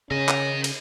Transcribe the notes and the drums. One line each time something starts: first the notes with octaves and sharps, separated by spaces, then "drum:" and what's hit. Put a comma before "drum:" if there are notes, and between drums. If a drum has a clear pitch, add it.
C#3 C#4 A#4 D#5
drum: clap
drum: cymbal